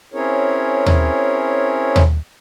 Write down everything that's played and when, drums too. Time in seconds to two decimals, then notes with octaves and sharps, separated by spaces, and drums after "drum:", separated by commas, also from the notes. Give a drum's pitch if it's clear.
0.14 C4 C#4 E4 G#4 A#4 C#5
0.86 drum: tom D#2
1.96 drum: tom D#2